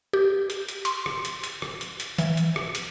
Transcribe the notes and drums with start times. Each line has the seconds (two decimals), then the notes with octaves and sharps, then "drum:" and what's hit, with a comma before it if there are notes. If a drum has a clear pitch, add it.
0.13 G4
0.50 drum: hi-hat
0.68 drum: hi-hat
0.85 C6, drum: hi-hat
1.06 drum: rim click
1.25 drum: hi-hat
1.43 drum: hi-hat
1.62 drum: rim click
1.81 drum: hi-hat
2.00 drum: hi-hat
2.18 E3, drum: hi-hat
2.37 drum: hi-hat
2.56 drum: rim click
2.75 drum: hi-hat